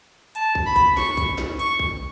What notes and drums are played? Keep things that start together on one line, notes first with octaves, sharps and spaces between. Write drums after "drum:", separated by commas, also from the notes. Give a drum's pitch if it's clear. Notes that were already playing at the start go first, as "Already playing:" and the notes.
A5, drum: hi-hat
drum: kick
B5
drum: kick, hi-hat
C#6, drum: snare
drum: kick, hi-hat
drum: snare
C#6, drum: hi-hat
drum: kick